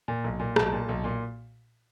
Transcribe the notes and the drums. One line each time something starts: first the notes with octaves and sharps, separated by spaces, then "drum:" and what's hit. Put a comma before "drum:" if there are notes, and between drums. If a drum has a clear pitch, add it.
A#2
B1
A#2
B1 A5, drum: rim click
A#2
B1
A#2